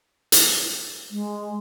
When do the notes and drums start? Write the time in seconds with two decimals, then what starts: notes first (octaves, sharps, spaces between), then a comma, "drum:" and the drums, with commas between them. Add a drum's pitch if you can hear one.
0.32 drum: hi-hat
1.11 G#3